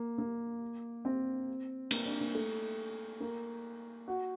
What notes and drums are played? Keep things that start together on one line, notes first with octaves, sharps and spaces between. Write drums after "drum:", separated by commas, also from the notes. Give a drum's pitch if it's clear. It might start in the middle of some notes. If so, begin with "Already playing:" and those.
Already playing: A#3
A#3
C4
A#3, drum: cymbal
D4
A#3
A3
A#3
F#4